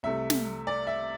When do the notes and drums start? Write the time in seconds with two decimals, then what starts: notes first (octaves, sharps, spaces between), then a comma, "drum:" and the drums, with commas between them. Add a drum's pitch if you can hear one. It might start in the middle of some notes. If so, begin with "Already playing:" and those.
0.03 C2 C3 A3 E5
0.30 drum: snare
0.67 D5
0.87 E5